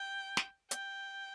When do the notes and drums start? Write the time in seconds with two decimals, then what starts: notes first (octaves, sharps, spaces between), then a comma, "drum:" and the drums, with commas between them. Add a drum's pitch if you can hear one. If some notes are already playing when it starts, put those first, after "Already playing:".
Already playing: G5
0.37 drum: snare
0.71 G5, drum: hi-hat